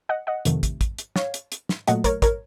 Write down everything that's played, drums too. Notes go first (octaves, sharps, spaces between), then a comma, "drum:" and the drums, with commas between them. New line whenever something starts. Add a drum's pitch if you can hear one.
D#5 F#5
D#5 F#5
F2 C3 D#3 A3, drum: hi-hat
drum: kick, hi-hat
drum: kick, hi-hat
drum: hi-hat
C#5 F5, drum: snare
drum: hi-hat
drum: hi-hat
drum: snare
A#2 F#3 A3 D#5 F#5, drum: hi-hat
A#4 C#5, drum: kick, hi-hat
A#4 C#5, drum: kick, hi-hat